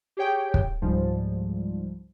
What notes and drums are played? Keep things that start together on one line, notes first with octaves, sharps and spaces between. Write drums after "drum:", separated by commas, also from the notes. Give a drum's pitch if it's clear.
G4 G#4 C#5 G5
drum: kick
C#2 G#2 F3 G3